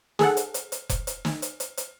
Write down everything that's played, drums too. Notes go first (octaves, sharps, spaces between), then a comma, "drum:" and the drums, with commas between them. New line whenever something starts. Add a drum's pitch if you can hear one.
G#4 A4 F#5, drum: snare
drum: hi-hat
drum: hi-hat
drum: hi-hat
drum: kick F1, hi-hat
drum: hi-hat
drum: snare
drum: hi-hat
drum: hi-hat
drum: hi-hat